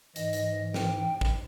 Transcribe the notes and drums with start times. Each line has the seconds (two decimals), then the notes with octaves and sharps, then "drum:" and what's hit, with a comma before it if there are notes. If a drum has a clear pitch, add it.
0.16 G#2 E3 D#5, drum: hi-hat
0.33 drum: hi-hat
0.74 G5, drum: snare
1.21 drum: kick G#1